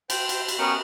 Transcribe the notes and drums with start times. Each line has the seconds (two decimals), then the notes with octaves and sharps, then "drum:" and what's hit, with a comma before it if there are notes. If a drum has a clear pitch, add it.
0.10 C5 G5, drum: cymbal
0.29 drum: cymbal
0.48 drum: cymbal
0.59 B3 C#4 A#4 G5 C#6 D#6